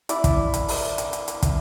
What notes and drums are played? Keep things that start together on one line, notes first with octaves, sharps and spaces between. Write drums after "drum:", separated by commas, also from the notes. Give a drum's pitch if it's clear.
E4 D5, drum: hi-hat
drum: kick, hi-hat
drum: hi-hat
drum: open hi-hat
drum: hi-hat
drum: hi-hat
drum: hi-hat
drum: kick, hi-hat